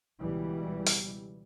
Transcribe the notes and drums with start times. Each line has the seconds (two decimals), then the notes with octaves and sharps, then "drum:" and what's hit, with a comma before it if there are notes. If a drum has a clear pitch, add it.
0.20 C#2 B2 E3 G3
0.87 drum: open hi-hat